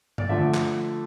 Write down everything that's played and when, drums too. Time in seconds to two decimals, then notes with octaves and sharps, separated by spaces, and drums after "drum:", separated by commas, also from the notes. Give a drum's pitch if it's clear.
0.18 D5, drum: tom G2
0.29 D3 F3 A3 E5
0.54 drum: clap